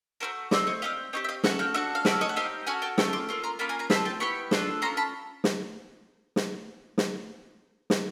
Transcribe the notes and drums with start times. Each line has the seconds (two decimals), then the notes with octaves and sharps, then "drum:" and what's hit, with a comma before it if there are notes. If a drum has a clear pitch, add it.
0.20 A3 C#4 F#4 A#4 C5
0.51 A3 C4 D#4 C5 D5, drum: snare
0.67 C#5 D#5
0.82 C4 D#4 G4 D#5 F5
1.13 C4 D#4 G4 C#5 D#5
1.24 E5
1.29 D#5 F5
1.44 C#4 F#4 A4 E5 F#5, drum: snare
1.59 F5 G5
1.74 D4 F#4 A4 E5 F#5
1.95 F5
2.05 C#4 F#4 A4 D5 E5, drum: snare
2.21 C#5 D#5
2.29 F#5
2.36 C4 D#4 G4 D#5 F5
2.67 C#4 F#4 A4 F#5 G#5
2.82 G5 A5
2.98 A3 C#4 F4 G5 A5, drum: snare
3.13 C6 D6
3.29 A#3 C#4 F4 A4
3.44 A#5 C6
3.59 A#3 C#4 F4 A5 B5
3.69 G#5 A#5
3.79 G#5 A#5
3.90 C4 F4 A4 A5 B5, drum: snare
4.05 G5 A5
4.20 B3 E4 G4 B5 C#6
4.51 D4 F4 A4, drum: snare
4.82 C#4 F4 A4 A#5 C6
4.97 A5 B5
5.44 drum: snare
6.36 drum: snare
6.98 drum: snare
7.90 drum: snare